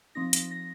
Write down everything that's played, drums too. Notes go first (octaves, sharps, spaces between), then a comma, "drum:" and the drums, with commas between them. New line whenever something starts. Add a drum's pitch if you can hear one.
F3 C4 D#4 A#6
drum: hi-hat
A#6